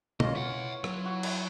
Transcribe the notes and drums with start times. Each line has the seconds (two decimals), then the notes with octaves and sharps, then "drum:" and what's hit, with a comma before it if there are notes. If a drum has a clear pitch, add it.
0.20 E3 F4 C#5 D#5, drum: tom B2
0.36 E5 F#5
0.84 F#3, drum: rim click
1.03 E4 F#4
1.23 drum: cymbal